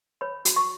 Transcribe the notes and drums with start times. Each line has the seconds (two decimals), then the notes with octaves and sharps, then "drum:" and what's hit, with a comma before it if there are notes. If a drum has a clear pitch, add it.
0.21 C#5 B5
0.45 F#4, drum: hi-hat
0.56 C#6